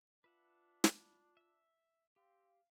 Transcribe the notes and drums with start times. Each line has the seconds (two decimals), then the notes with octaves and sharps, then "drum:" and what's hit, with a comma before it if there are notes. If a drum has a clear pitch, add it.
0.24 D4 F4 B4 E5 F#5
0.84 drum: snare
1.37 E5 E6
2.16 C4 G4 F5